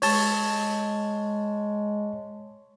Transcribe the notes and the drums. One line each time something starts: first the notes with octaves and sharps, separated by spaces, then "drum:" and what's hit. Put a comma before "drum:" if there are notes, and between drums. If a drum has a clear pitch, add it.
G#3 C#5 A5, drum: open hi-hat